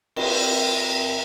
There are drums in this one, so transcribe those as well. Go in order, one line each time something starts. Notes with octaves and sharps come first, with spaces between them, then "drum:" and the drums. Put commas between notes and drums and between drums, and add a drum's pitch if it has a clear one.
C4 A#4 E5 G5, drum: cymbal